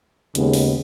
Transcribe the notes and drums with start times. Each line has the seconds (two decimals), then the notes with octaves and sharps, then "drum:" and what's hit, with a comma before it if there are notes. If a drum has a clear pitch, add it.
0.35 D#2 C#3 G#3 B3, drum: hi-hat
0.53 drum: open hi-hat